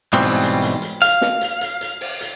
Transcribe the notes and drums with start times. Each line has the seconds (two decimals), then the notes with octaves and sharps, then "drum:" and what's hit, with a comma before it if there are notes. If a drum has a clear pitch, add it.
0.13 G#2 B2 E3 G3 C4
0.22 drum: open hi-hat
0.42 drum: hi-hat
0.62 drum: hi-hat
0.82 drum: hi-hat
1.02 F5, drum: hi-hat
1.21 drum: snare
1.41 drum: hi-hat
1.61 drum: hi-hat
1.81 drum: hi-hat
2.01 drum: open hi-hat
2.21 drum: hi-hat